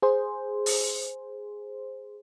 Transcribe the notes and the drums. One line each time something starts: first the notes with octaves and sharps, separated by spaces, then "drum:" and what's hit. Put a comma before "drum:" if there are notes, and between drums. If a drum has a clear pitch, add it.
G#4 C5
drum: open hi-hat